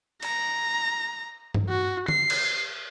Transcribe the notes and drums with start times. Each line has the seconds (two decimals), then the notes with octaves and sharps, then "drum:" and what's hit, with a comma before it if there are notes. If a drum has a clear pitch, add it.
0.23 A#5, drum: cymbal
1.54 drum: tom G2
1.69 F#4
2.08 C7, drum: tom
2.30 drum: cymbal